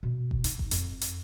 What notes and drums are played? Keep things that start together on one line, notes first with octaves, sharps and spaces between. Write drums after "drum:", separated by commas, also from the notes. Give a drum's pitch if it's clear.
B2
drum: kick F#1
D#4, drum: hi-hat
drum: kick F#1
F2, drum: hi-hat
drum: hi-hat